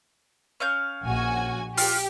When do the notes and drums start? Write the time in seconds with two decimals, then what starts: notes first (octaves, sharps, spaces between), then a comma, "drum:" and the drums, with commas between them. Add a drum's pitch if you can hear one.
0.60 C#4 F5 G6
1.04 A#1 F#4 G#5
1.77 F4 G4, drum: open hi-hat